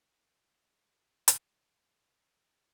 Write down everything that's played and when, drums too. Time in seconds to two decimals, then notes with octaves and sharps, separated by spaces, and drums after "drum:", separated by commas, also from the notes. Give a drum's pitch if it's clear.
0.19 E3 F#6
1.28 drum: hi-hat
1.47 C3 F3 C#4 C5
1.92 B3 C#6